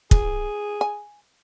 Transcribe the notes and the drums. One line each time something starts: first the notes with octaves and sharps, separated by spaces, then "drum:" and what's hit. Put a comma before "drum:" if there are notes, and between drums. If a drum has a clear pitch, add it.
G#4, drum: kick
G#5